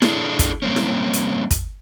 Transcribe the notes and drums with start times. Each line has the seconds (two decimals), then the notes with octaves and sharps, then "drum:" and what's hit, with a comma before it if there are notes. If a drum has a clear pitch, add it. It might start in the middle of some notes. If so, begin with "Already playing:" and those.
0.02 D4 E4 G#4 A4, drum: snare E4
0.39 drum: kick, hi-hat
0.62 G3 A#3 C4 C#4
0.76 drum: snare E4
1.13 drum: hi-hat
1.51 drum: kick, hi-hat